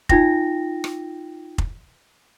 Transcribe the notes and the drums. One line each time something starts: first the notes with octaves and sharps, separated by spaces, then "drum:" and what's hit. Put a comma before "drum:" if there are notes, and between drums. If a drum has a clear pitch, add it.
D#4 F4 G5 A#6, drum: kick F1
drum: rim click
drum: kick F1